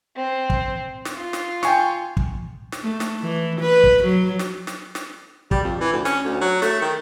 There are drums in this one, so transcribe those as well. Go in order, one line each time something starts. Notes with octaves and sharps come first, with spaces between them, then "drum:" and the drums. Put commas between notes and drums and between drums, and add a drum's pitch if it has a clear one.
C4
drum: kick
drum: snare
F4
drum: snare
G5 G#5 C#6, drum: snare
drum: kick
drum: snare
A3
drum: snare
E3
B4
drum: kick
F#3
drum: snare
drum: snare
drum: snare
G3, drum: kick
F2
E3
D2
C#4, drum: snare
D2
F#3
A3, drum: snare
D#3